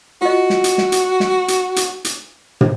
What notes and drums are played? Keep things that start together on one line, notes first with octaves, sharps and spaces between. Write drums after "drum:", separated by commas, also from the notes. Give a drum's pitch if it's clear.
F4 F#4 D#5
drum: snare
drum: hi-hat
drum: snare
drum: hi-hat
drum: snare
drum: hi-hat
drum: hi-hat
drum: hi-hat
drum: tom